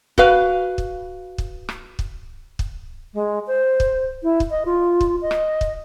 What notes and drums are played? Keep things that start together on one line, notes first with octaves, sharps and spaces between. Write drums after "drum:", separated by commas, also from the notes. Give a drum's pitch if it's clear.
F#4 B4 F5, drum: kick
drum: kick
drum: kick
drum: rim click
drum: kick
drum: kick
G#3
C5
drum: kick
E4
drum: kick
D#5
F4
drum: kick
D#5
drum: rim click
drum: kick